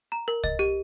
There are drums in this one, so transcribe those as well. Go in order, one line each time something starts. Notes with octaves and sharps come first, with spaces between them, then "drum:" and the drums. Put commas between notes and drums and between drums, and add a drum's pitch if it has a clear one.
A#5
A#4
D#5, drum: kick C2
G4